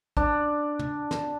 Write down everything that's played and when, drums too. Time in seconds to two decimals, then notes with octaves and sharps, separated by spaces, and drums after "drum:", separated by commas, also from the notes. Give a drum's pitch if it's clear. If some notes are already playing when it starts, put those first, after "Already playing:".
0.17 D4, drum: kick
0.79 drum: tom
1.11 drum: snare